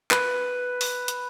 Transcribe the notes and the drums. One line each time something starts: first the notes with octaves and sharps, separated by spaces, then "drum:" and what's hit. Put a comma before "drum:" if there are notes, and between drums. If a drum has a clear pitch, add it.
B4, drum: clap
drum: open hi-hat
drum: hi-hat